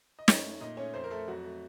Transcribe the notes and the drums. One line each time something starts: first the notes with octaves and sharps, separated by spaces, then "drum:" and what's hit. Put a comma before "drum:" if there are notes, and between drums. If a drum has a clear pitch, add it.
D#5
F#2 C#4 C#5, drum: snare
A3
A#2 D#4 D#5
A3 C#4 C#5
F2 C4 C5
A#4
A3 A4
F2 F#3 F#4
A3